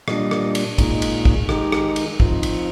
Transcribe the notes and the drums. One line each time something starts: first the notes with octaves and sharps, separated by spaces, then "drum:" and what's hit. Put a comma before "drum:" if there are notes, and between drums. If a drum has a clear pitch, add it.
A#2 G3 D4 D#5, drum: rim click
drum: rim click
drum: cymbal
A#2 G#3 D#4, drum: kick, cymbal
drum: cymbal
drum: kick
D#3 G#3 D#4 G4, drum: rim click
drum: rim click
drum: cymbal
F3 C4 D#4, drum: kick
drum: cymbal